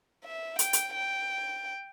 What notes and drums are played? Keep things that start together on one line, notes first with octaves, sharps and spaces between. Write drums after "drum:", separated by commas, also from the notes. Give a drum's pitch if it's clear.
E5
G5, drum: hi-hat
drum: hi-hat
G5